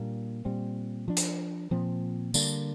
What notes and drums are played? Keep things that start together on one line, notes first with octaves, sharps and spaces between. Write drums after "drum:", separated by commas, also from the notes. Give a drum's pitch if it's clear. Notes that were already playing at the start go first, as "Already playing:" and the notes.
Already playing: A#2 G3 A#3 D4
A#2 G3 C4
F3 D4
drum: hi-hat
A#2 F3 C4
D3 G3 A#3 D4, drum: tambourine